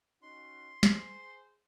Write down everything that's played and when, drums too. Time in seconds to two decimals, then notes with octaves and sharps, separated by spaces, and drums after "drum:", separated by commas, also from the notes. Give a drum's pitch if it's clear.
0.23 C#4 D#4 F#4 C6
0.83 G#4 C5, drum: snare